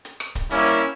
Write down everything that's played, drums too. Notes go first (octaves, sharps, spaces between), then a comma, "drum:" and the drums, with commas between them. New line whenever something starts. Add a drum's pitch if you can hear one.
drum: hi-hat
drum: rim click
drum: kick C#1, hi-hat
G3 A#3 C#4 E4, drum: hi-hat
drum: hi-hat